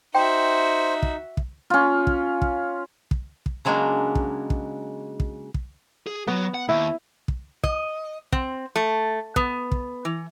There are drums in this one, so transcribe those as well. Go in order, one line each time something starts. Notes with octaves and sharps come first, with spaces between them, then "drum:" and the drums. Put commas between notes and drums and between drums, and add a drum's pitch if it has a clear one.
D#4 F#4 C5 E5 G5
drum: kick
drum: kick
C#4 F4
drum: kick
drum: kick
drum: kick
drum: kick
C#3 F#3 G#3 A#3 D4
drum: kick
drum: kick
drum: kick
drum: kick
G#4
F#3 B3
F#5
D#2 E4
drum: kick
D#5, drum: kick
C4, drum: kick
A3
B3, drum: kick
drum: kick
E3